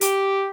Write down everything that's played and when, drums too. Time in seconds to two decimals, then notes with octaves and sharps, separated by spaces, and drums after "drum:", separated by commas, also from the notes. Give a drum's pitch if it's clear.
0.01 G4, drum: hi-hat